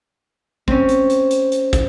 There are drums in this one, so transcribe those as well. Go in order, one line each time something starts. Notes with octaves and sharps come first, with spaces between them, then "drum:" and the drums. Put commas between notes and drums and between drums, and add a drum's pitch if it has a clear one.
C4 C#4, drum: kick
drum: hi-hat
drum: hi-hat
drum: hi-hat
drum: hi-hat
drum: kick, hi-hat